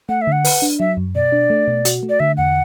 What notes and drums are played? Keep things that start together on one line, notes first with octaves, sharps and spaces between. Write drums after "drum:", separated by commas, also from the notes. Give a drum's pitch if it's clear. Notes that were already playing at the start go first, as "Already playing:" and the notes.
A3 F#5
E5
D3 F#5
B4, drum: open hi-hat
D4
F#3 E5
F#2
B2 D5
D4
A3
B2
F#4, drum: hi-hat
A3
D5
D3 E5
E2 F#5